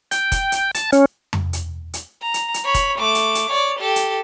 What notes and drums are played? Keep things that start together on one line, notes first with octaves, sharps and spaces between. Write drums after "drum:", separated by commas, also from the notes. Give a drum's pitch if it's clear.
G5, drum: hi-hat
drum: kick F1, hi-hat
drum: hi-hat
A5, drum: hi-hat
C#4, drum: hi-hat
drum: tom F2
drum: hi-hat
drum: hi-hat
A#5
drum: hi-hat
drum: hi-hat
C#5 B5
drum: kick F1, hi-hat
A3 D6
drum: hi-hat
drum: hi-hat
C#5 D5
G4 A4
drum: hi-hat